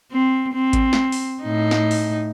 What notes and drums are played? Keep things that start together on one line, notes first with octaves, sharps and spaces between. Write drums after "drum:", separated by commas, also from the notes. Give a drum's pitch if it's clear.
C4
C4
drum: kick G#1, hi-hat
drum: snare
drum: open hi-hat
A2 D#4
drum: snare
drum: open hi-hat